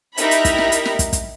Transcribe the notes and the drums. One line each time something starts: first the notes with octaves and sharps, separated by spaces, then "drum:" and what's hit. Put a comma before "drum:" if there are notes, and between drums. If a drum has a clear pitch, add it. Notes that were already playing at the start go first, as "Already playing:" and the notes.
D#4 E4 G4 A#4 E5 B5, drum: hi-hat
drum: hi-hat
drum: kick, hi-hat
drum: snare
drum: hi-hat
drum: snare
drum: kick, hi-hat
drum: kick, hi-hat